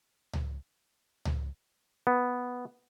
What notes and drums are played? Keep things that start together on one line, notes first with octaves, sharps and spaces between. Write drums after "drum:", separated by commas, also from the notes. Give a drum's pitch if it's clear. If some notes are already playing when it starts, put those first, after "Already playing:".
drum: tom C#2
drum: tom C#2
B3